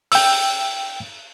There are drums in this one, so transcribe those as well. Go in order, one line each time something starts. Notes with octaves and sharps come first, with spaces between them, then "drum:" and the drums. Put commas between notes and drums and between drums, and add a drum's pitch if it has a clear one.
G5 E6, drum: open hi-hat